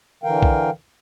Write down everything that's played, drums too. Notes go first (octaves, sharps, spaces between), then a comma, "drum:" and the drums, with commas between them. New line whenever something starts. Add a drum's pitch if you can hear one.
D3 E3 A#4 F5 G5
drum: kick B1